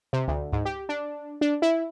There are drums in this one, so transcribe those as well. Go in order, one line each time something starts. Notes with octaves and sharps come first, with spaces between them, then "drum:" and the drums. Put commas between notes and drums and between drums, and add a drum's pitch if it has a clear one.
C3
D2, drum: kick C#2
G#2, drum: kick C#2
G4
D4
D4
E4